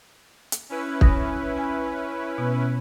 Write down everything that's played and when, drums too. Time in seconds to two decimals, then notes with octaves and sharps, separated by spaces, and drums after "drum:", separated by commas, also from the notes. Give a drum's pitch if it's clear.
0.52 drum: hi-hat
0.69 C#4 E4 B4
1.01 D#6 A#6, drum: kick
1.58 G#5
2.38 B2 B3